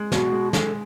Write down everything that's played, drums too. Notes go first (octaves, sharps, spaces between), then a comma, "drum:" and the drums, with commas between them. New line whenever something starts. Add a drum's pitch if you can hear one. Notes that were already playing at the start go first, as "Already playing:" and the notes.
Already playing: G#3
B2 F#4, drum: snare
G#3
G#3 A4, drum: snare